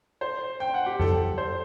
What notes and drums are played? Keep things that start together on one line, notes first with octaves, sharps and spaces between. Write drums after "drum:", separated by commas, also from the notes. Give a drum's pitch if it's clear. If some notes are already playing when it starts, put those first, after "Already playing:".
C5
G5
F#5
G4
A4, drum: tom F2
C5